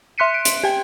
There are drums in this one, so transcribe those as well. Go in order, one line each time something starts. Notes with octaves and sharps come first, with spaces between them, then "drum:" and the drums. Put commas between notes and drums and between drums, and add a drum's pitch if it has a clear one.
E5 C6 F#6 B6 C#7 D#7
D7
drum: hi-hat
G4 G5